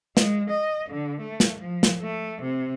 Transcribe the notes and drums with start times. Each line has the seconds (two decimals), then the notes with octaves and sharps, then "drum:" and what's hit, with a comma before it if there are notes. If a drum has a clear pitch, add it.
0.17 G#3, drum: snare
0.50 D#5
0.89 D3
1.21 A3
1.40 drum: snare
1.60 F3
1.83 drum: snare
2.01 A3
2.42 C3